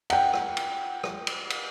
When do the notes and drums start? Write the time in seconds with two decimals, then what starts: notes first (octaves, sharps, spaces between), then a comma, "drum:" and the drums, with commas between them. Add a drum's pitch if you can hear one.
0.10 F#5 G5, drum: cymbal
0.33 drum: rim click
0.57 drum: cymbal
1.04 drum: rim click
1.27 drum: cymbal
1.50 drum: cymbal